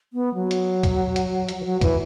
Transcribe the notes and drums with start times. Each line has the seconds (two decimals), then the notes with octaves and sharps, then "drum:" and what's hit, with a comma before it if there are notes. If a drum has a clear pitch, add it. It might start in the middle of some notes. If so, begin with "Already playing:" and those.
0.13 B3
0.34 F#3
0.51 drum: hi-hat
0.83 drum: kick C#2, hi-hat
1.16 drum: hi-hat
1.49 drum: hi-hat
1.60 E3
1.65 F#3
1.81 E3, drum: kick C#2, hi-hat